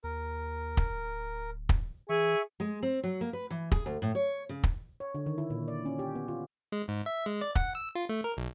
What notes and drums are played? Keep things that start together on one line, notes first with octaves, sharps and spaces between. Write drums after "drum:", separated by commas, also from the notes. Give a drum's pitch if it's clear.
D#2 A#4
drum: kick
D1
drum: kick
E3 G#4 E5 C#6
G#3
C4
F#3
A#3
B4
E3
G#4, drum: kick
D2
A2
C#5
C#3
drum: kick
C#5
D3
D#3
E4
A#2
D5
C#4
G4
B3
F4
G#3
G#2
E5
G#3
D5
F#5, drum: kick
E6
F4
A3
A#4
B1